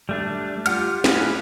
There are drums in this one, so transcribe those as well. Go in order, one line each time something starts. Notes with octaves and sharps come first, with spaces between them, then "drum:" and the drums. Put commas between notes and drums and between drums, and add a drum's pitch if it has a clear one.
G3 A3 D4
F4 G4 F#5 F6, drum: hi-hat
A3 E4 G#4 B4 F5, drum: snare